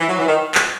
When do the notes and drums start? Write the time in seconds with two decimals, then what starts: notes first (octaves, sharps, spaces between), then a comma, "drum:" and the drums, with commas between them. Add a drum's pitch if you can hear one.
0.01 E3
0.09 F#3
0.18 E3
0.27 D#3
0.55 drum: clap